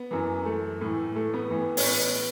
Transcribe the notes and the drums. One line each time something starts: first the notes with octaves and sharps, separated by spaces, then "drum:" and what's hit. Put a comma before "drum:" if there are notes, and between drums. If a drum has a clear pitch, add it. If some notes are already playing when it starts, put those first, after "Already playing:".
Already playing: B3
F#2 E3
A3
A2 E3
A3
B3
A2 E3
C#4, drum: open hi-hat
B3